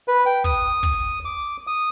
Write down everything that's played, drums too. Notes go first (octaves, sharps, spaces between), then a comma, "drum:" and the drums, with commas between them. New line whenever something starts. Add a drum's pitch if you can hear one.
B4
G5
D#6, drum: kick
drum: kick
D6
D#6